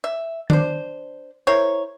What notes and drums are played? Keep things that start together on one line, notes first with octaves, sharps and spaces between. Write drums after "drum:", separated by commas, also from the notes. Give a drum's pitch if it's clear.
E5
D4 C5, drum: tom D#3
E4 A#4 C5 C#5